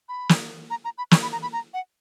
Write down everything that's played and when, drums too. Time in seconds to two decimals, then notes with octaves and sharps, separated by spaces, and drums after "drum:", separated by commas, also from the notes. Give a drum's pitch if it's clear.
0.09 B5
0.29 drum: snare
0.70 A#5
0.85 A#5
0.98 B5
1.11 C#6, drum: snare
1.22 B5
1.32 A#5
1.42 B5
1.53 A#5
1.74 F#5